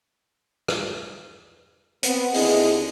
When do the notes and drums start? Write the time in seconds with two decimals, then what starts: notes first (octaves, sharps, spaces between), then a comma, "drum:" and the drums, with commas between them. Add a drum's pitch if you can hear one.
0.68 drum: rim click
2.03 B3 C4, drum: hi-hat
2.34 D#2 D3 C4 E4 G#4 D#5, drum: open hi-hat